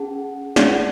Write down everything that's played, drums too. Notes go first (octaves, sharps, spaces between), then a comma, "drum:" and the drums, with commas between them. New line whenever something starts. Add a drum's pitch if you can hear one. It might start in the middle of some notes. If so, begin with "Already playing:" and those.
Already playing: C#4 G#4 F#5 A5
C#4 G#4 C#5 D5 F#5, drum: snare